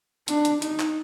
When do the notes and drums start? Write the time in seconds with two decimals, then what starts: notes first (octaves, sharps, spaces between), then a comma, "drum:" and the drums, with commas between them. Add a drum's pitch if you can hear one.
0.28 D4, drum: hi-hat
0.45 drum: hi-hat
0.62 D#4, drum: hi-hat
0.80 drum: clap